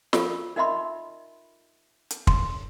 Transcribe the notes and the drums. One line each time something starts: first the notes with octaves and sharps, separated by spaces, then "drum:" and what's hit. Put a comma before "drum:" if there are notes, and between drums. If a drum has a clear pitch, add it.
F4 A4 A#4 B5, drum: snare
D#4 A#4 D#5 E5 B5 C6
drum: hi-hat
C6, drum: kick